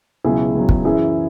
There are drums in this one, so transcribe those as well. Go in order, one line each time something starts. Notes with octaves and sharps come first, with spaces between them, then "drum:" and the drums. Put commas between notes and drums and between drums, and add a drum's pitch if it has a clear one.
C#2 B2 F#3 E4 G#4
C#2 B2 F#3
drum: kick
F#2 E3 E4 G#4